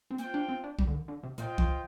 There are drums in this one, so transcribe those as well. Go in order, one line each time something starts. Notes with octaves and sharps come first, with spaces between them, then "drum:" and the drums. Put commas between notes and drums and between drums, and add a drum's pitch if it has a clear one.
C4
A#3 F4 C5 G5, drum: hi-hat
D4
C4
D4
G3, drum: kick
D3
D#3
D3
C3
A#2 F4 C5 D#5 G5, drum: hi-hat
F3, drum: kick